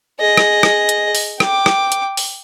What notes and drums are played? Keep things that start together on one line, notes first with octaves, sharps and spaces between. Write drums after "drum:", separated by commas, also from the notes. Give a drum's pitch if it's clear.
G#4 D#5
drum: rim click
drum: rim click
drum: hi-hat
drum: open hi-hat
G5 D6, drum: rim click
drum: rim click
drum: hi-hat
drum: open hi-hat